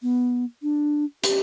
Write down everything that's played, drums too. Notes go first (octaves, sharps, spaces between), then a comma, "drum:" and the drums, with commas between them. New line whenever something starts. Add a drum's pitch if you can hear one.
B3
D4
G4, drum: hi-hat